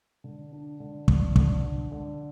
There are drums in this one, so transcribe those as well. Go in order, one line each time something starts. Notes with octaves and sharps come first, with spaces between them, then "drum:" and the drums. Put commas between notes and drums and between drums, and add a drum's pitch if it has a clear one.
D3
D4
D3
D3, drum: kick
D3, drum: kick
D4
D3